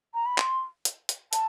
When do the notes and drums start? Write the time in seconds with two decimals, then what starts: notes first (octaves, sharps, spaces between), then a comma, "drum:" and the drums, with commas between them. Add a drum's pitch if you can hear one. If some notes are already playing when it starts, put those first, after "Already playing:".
0.14 A#5
0.26 B5
0.38 C6, drum: clap
0.85 drum: hi-hat
1.09 drum: hi-hat
1.33 A5, drum: hi-hat